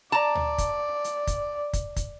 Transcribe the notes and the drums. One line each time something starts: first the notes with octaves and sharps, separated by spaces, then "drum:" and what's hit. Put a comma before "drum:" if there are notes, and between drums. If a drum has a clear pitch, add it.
D5 A5 A#5
drum: tom D2
drum: kick, hi-hat
drum: hi-hat
drum: kick, hi-hat
drum: kick, hi-hat
drum: kick, hi-hat